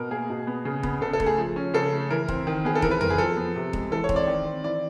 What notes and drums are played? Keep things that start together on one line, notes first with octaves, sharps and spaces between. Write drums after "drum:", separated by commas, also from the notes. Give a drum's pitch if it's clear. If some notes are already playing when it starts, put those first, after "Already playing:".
Already playing: B2 B3 A#4
A#3 G#4
B2
B3
C#3
B3, drum: kick
C#3 A4
A4
A3, drum: kick
G#4
F3
C#4
C#3 A4
A3
E3 A#4
C4, drum: kick
D#3
B3 G#4
A4
E3 A#4, drum: kick
B4
C4 A#4, drum: tom F2
G#4
F3 A4
B3
C3
G#3, drum: kick
E3 A4
C#5
C4, drum: kick
D5
D#3
C4
E3 D5